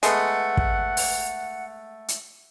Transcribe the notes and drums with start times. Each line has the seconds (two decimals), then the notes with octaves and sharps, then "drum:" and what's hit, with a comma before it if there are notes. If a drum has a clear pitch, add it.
0.03 G#3 A3 B3 F#5, drum: hi-hat
0.57 drum: kick
0.97 drum: open hi-hat
2.08 drum: hi-hat